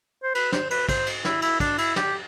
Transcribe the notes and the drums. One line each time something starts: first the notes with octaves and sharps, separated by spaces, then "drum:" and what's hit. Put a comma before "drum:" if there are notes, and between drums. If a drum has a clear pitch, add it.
C5
B4, drum: cymbal
C5, drum: snare
B4, drum: cymbal
C5, drum: kick, cymbal
drum: cymbal
E4, drum: snare
E4, drum: cymbal
D4, drum: kick, cymbal
E4, drum: cymbal
G4, drum: snare